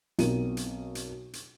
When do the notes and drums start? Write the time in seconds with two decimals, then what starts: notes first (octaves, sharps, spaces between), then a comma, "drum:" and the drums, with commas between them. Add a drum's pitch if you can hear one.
0.19 B1 B2 C4 A#4 D#7, drum: hi-hat
0.57 drum: hi-hat
0.95 drum: hi-hat
1.33 drum: hi-hat